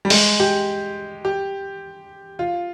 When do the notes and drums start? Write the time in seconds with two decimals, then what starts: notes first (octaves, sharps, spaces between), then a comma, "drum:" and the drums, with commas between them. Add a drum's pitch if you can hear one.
0.05 G3
0.10 G#3, drum: open hi-hat
0.40 G4
1.25 G4
2.39 F4